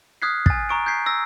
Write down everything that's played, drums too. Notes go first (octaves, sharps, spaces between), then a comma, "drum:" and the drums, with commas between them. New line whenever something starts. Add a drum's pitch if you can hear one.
D#6 F6 F#6 G#6 B6 C7
G#5 A6, drum: kick
A#5 C#6 D7
G6 G#6 B6 C7
E6 A#6